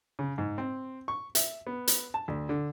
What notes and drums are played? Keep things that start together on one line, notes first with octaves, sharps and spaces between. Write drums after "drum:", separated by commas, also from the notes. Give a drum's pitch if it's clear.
C#3
G#2
C4
C#6
E5, drum: hi-hat
B3
drum: hi-hat
A5
D2
D3